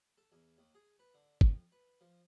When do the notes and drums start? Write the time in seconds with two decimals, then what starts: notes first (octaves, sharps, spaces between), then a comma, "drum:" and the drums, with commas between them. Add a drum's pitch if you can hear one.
0.18 A4
0.32 E2
0.58 D#2
0.75 G#4
0.99 B4
1.14 D3
1.41 F2, drum: kick
1.72 B4
2.01 F3